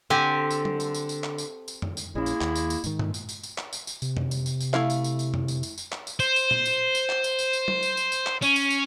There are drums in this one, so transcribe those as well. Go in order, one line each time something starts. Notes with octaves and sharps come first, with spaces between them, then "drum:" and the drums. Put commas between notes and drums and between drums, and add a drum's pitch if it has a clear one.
D3 C4 G4 G#5
drum: tambourine
drum: tom F#3
drum: tambourine
drum: tambourine
drum: tambourine
drum: clap
drum: tambourine
drum: tambourine
drum: tom
drum: tambourine
A#1 G#3 A#3 C#4 E4
drum: tambourine
D#2, drum: clap
drum: tambourine
drum: tambourine
G#2 D#3, drum: tambourine
drum: tom
drum: tambourine
drum: tambourine
drum: tambourine
drum: clap
drum: tambourine
drum: tambourine
C3, drum: tambourine
drum: tom
drum: tambourine
drum: tambourine
drum: tambourine
A3 E4 F5, drum: clap
drum: tambourine
drum: tambourine
drum: tambourine
drum: tom
drum: tambourine
drum: tambourine
drum: tambourine
drum: clap
drum: tambourine
C5, drum: tambourine
drum: tambourine
drum: tom
drum: tambourine
drum: tambourine
drum: clap
drum: tambourine
drum: tambourine
drum: tambourine
drum: tom F#3
drum: tambourine
drum: tambourine
drum: tambourine
drum: clap
C#4, drum: tambourine
drum: tambourine
drum: tambourine